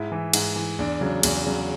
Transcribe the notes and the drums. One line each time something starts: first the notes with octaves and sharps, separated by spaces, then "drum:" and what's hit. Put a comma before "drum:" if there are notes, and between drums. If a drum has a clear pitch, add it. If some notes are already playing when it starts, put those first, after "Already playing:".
Already playing: G#2 E4
E3
G#2, drum: cymbal
E3
E2 D4
C#3 F#3
E2, drum: cymbal
C#3 F#3